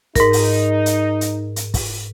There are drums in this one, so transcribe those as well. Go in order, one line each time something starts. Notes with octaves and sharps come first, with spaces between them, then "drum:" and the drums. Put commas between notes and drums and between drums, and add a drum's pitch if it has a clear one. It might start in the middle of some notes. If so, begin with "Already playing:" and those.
G#2 D#4 A#4, drum: kick, hi-hat
drum: open hi-hat
drum: hi-hat
drum: hi-hat
drum: hi-hat
drum: kick, open hi-hat